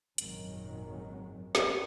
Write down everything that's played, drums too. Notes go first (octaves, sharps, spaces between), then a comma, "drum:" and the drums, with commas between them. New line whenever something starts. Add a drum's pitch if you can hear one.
G#1 F#2 A#2 D#3 F#3 G#3, drum: hi-hat
drum: snare